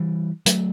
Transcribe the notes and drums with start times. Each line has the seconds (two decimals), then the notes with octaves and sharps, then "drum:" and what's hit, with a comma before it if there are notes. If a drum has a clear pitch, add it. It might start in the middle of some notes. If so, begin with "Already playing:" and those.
Already playing: E3 G3
0.46 F#3 A3, drum: hi-hat